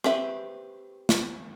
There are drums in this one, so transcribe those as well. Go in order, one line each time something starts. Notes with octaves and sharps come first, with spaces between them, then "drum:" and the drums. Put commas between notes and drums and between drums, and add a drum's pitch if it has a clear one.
C4 G4 B4 E5, drum: rim click
drum: snare